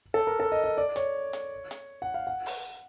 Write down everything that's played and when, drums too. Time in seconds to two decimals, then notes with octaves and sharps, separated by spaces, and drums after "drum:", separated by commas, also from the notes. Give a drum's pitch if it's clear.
0.14 A4
0.27 A#4
0.40 A4
0.52 D#5
0.64 D#5
0.78 D5
0.96 C#5, drum: hi-hat
1.33 drum: hi-hat
1.71 drum: hi-hat
2.02 F#5
2.14 F5
2.27 F#5
2.46 drum: open hi-hat